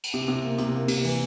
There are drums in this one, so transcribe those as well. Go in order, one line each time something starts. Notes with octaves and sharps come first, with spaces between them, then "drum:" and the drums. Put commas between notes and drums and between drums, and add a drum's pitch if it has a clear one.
drum: cymbal
C3
C3
A#3
C3, drum: hi-hat
A#3
C3, drum: cymbal
E3, drum: open hi-hat